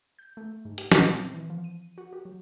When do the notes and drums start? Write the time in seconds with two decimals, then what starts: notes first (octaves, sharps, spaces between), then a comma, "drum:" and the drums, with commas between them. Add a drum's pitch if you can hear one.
0.19 G6
0.37 A3
0.65 G#2
0.78 G4, drum: hi-hat
0.92 A#2, drum: snare
1.13 C4
1.34 E3
1.50 F3
1.64 D#7
1.98 F#4
2.13 G4
2.25 F#3